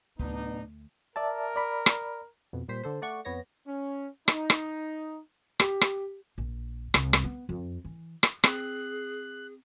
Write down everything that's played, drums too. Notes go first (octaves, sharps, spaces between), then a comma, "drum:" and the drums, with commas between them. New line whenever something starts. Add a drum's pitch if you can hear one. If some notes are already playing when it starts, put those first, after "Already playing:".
D2 A2 C3 F#3 B3 D4 D#4
A#4 D5 E5 A5
D5 B5
drum: rim click
F2 B2
A#2 G3 C5 B6
D3 A4 C5
A3 D5 F#5 C#6
F2 B3 C#5 A#6
C#4
D#4, drum: rim click
drum: rim click
G4, drum: rim click
drum: rim click
A#1
C2, drum: rim click
drum: rim click
B3
F2
E3
drum: rim click
C4 G#4 F#6, drum: rim click